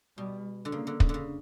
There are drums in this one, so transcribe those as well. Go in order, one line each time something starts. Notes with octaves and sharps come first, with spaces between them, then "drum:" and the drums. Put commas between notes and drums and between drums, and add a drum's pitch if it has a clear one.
B2 G3
D3
C#3 A#3
D3
C#3, drum: kick
D3
C#3